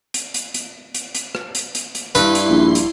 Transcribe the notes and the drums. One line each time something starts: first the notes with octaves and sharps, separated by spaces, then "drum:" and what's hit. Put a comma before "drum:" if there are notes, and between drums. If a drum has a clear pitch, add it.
drum: hi-hat
drum: hi-hat
drum: hi-hat
drum: hi-hat
drum: hi-hat
drum: rim click
drum: hi-hat
drum: hi-hat
drum: hi-hat
G2 G3 E4 B4 C6 C7, drum: hi-hat
drum: hi-hat
A#1
drum: hi-hat